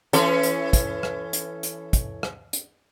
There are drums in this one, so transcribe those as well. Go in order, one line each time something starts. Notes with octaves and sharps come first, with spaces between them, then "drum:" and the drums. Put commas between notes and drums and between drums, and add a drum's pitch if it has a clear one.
E3 C#4 A4, drum: hi-hat
drum: hi-hat
drum: kick, hi-hat
drum: rim click
drum: hi-hat
drum: hi-hat
drum: kick, hi-hat
drum: rim click
drum: hi-hat